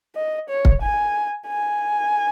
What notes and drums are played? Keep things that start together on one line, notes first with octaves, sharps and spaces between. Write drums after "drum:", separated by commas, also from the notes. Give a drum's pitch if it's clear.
D#5
C#5
drum: kick
G#5
G#5